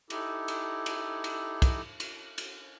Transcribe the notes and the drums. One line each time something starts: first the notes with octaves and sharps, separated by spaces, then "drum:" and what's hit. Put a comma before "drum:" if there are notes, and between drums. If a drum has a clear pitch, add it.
D#4 E4 G4 A4, drum: cymbal
drum: cymbal
drum: cymbal
drum: cymbal
drum: kick, cymbal
drum: cymbal
drum: cymbal